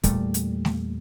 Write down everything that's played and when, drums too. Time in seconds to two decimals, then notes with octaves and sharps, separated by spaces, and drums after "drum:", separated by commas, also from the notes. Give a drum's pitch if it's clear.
0.04 E2 A#2 G3 A3, drum: kick, hi-hat
0.34 drum: hi-hat
0.65 drum: snare A3